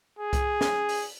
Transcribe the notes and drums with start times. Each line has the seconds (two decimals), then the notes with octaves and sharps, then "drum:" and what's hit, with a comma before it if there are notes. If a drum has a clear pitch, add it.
0.19 G#4
0.33 drum: kick C2, hi-hat
0.61 drum: snare
0.89 drum: open hi-hat